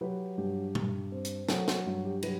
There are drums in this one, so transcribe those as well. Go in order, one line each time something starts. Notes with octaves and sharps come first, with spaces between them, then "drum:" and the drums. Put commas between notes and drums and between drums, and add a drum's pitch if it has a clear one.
F#3 G4 B4
G2 G4
G2, drum: tom
C4
drum: hi-hat
F#3 F#4 A4, drum: snare
F#4, drum: snare
G2 F#4
G4
F#3 G4 B4, drum: cymbal